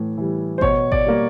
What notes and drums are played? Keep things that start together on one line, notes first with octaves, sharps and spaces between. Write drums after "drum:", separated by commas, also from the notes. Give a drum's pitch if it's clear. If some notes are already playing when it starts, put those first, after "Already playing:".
Already playing: A2 E3
E3 G3
C5
B2 C#5, drum: kick G#1
D5, drum: kick G#1
G3 A#3